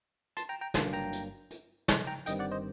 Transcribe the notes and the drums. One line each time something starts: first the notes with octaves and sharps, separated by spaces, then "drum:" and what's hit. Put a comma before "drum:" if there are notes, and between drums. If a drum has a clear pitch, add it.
A5 C6, drum: hi-hat
G5 A#5
G5 A#5
G1 G2 F#3 A#3 D4 A5 C6, drum: snare
G5 A#5
drum: hi-hat
drum: hi-hat
A5 C6, drum: snare
G5 A#5
G1 G2 D#3 G3 C4 D#5 G5, drum: hi-hat
D5 F#5
C5 D#5